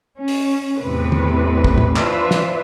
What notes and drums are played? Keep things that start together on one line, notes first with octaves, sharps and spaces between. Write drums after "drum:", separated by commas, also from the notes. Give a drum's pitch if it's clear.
C#4
drum: open hi-hat
E2 A2 C3 B4
drum: tom
drum: kick
drum: tom
E3 D4 F4 B4 C5 E5, drum: clap
drum: snare